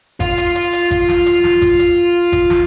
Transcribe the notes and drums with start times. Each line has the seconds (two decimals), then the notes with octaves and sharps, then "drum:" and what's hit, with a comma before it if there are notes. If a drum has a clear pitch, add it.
0.20 F4 F5, drum: kick G#1, hi-hat
0.38 drum: hi-hat
0.55 drum: hi-hat
0.73 drum: hi-hat
0.91 drum: kick G#1, hi-hat
1.08 drum: snare
1.26 drum: hi-hat
1.44 drum: snare
1.62 drum: kick G#1, hi-hat
1.79 drum: hi-hat
2.32 drum: kick G#1, hi-hat
2.50 drum: snare